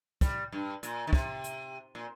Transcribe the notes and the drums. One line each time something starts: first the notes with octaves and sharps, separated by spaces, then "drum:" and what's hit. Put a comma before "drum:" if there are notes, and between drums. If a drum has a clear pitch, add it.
G3, drum: kick, hi-hat
G2
A#2, drum: hi-hat
D#3
C3, drum: kick
drum: hi-hat
A#2